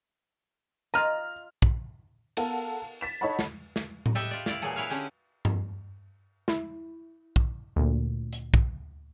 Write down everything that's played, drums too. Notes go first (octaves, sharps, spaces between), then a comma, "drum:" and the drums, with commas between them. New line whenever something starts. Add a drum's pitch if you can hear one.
F4 D#5 A#5 F6
drum: kick
B3 A4 A#4 F5 F#5 A5, drum: cymbal
A6 B6 E7
D#4 A4 C#5 D#5 F#5 B5
drum: snare
drum: snare
drum: tom A2
G4 A4 B4 D#5 E5 G5
F4 D5
E4 D5 F5, drum: snare
A#2 E3 F#3 G#4 A4
E4 B4 C#5 F5
D3 C#4 G4 G#4
drum: tom G2
E4, drum: snare
drum: kick
D2 A#2
drum: hi-hat
drum: kick